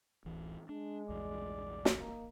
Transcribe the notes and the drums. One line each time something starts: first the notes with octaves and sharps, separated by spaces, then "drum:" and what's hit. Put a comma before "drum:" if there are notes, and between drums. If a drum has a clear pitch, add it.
D1 A1 E3
G#3 D4
A#1 E2 G2 D5
drum: snare
A#3 D#4